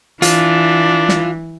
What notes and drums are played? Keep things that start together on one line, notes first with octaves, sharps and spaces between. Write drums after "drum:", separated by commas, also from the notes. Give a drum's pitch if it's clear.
E3 D4 F4, drum: hi-hat
drum: snare